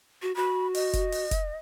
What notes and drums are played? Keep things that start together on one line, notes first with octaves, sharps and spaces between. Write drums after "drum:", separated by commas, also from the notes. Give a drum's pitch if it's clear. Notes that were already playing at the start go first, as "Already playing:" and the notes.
F#4
F#4 B5
D#5, drum: open hi-hat
drum: kick F1, hi-hat
drum: open hi-hat
drum: kick F1, hi-hat